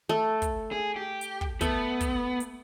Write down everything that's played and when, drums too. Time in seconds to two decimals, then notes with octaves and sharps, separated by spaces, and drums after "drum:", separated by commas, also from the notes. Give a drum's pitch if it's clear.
0.09 A3
0.42 drum: kick, hi-hat
0.72 G#4
0.96 G4
1.21 drum: hi-hat
1.41 drum: kick
1.61 A3 B3, drum: kick, hi-hat
2.01 drum: kick, hi-hat
2.40 drum: hi-hat